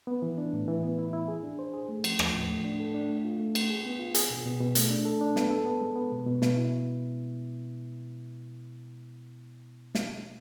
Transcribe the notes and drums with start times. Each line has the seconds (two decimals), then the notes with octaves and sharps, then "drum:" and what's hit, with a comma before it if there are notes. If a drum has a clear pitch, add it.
0.07 B3
0.22 E3
0.38 D4
0.53 A2
0.68 E3
0.83 B3
0.99 E4
1.13 E4
1.28 G#4
1.43 D4
1.59 C5
1.73 G#4
1.89 A3
2.04 F3, drum: cymbal
2.19 F3, drum: rim click
2.35 A2
2.49 A3
2.64 D4
2.80 A4
2.94 D4
3.09 A3
3.24 F4
3.40 A3
3.55 A3, drum: cymbal
3.70 G#4
3.85 B3
3.99 F4
4.14 G#4, drum: hi-hat
4.30 B2
4.46 B2
4.60 B2
4.75 A3, drum: hi-hat
4.90 D4
5.05 A4
5.21 D4
5.36 B3, drum: snare
5.50 A4
5.66 B3
5.81 G#3
5.96 B3
6.11 B2
6.27 B2
6.42 B2, drum: snare
6.57 E4
9.95 drum: snare